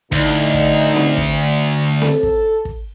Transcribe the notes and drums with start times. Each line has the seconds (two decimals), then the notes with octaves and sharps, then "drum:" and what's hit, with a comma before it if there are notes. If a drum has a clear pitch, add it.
0.12 D2 A2 D#4, drum: kick
0.54 drum: kick
0.96 drum: snare C4
1.17 drum: kick
2.02 A4, drum: snare C4
2.23 drum: kick
2.65 drum: kick